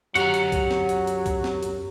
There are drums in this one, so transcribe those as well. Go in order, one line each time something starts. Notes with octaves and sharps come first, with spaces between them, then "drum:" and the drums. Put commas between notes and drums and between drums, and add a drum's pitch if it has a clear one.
F#2 F#3 F#4 G4 F#5 A#5, drum: hi-hat
drum: hi-hat
drum: kick C2, hi-hat
drum: snare
drum: hi-hat
drum: hi-hat
drum: kick C2, hi-hat
drum: snare
drum: hi-hat